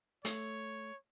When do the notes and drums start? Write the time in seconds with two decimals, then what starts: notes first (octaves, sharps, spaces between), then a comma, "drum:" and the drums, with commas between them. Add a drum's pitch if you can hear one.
0.25 A3 C#5, drum: hi-hat